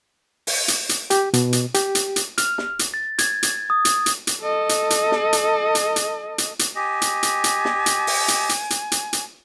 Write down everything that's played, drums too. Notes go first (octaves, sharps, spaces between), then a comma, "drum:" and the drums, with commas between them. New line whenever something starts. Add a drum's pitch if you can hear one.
drum: open hi-hat
drum: hi-hat
drum: hi-hat
G4, drum: hi-hat
B2, drum: hi-hat
drum: hi-hat
G4, drum: hi-hat
drum: hi-hat
drum: hi-hat
F6, drum: hi-hat
drum: snare
drum: hi-hat
A6
G#6, drum: hi-hat
drum: hi-hat
D#6
drum: hi-hat
drum: hi-hat
drum: hi-hat
A4 D#5
drum: hi-hat
drum: hi-hat
drum: snare
drum: hi-hat
drum: hi-hat
drum: hi-hat
drum: hi-hat
drum: hi-hat
G4 D#5 G#5
drum: hi-hat
drum: hi-hat
drum: hi-hat
drum: snare
drum: hi-hat
drum: open hi-hat
drum: hi-hat
drum: hi-hat
drum: hi-hat
drum: hi-hat
drum: hi-hat